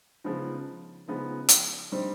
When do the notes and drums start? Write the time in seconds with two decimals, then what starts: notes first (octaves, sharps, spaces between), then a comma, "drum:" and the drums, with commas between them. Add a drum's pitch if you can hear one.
0.24 C#3 F3 G#3 B3 D#4
1.08 C#3 F3 G#3 B3 D#4
1.49 drum: hi-hat
1.92 D3 G3 C4 D#4